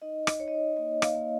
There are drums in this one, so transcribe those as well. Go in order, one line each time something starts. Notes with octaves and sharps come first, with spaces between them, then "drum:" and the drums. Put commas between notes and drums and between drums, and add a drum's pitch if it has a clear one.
D#4 D#5
drum: rim click
D#4 C#5
D#5
C#5
A#3 D#5
F5, drum: rim click
A#3